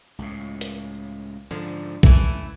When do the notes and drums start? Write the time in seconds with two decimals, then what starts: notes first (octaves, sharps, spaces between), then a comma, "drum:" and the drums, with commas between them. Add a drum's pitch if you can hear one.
0.19 C#2 A2
0.61 drum: hi-hat
1.51 G#2 D3 F3
2.03 C#2 E3 A3 E4, drum: kick A#1